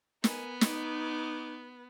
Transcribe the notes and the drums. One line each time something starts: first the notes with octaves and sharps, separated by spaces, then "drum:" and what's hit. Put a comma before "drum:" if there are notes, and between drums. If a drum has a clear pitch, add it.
B3 A#4 G#5, drum: snare
D#4 D6, drum: snare